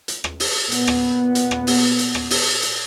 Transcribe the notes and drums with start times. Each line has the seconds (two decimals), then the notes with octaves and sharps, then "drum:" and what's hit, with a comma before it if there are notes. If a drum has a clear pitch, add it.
0.08 drum: hi-hat
0.24 drum: rim click
0.40 drum: open hi-hat
0.72 A#2 B3, drum: hi-hat
0.87 drum: rim click
1.35 drum: hi-hat
1.51 drum: rim click
1.67 drum: open hi-hat
1.99 drum: hi-hat
2.15 drum: rim click
2.30 drum: open hi-hat
2.62 drum: hi-hat